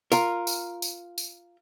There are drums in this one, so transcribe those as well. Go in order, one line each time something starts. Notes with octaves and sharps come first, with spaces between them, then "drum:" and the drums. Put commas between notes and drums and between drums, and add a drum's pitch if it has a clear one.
F4 A#4, drum: tambourine
drum: tambourine
drum: tambourine
drum: tambourine